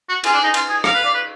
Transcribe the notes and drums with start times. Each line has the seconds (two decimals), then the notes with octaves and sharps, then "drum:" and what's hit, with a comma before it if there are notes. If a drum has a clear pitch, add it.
0.09 F#4
0.24 F4 G#4, drum: cymbal
0.33 D4
0.43 D#4
0.54 F4, drum: cymbal
0.69 G#4
0.84 A#4 F5, drum: rim click
0.94 B4
1.04 D5
1.14 B4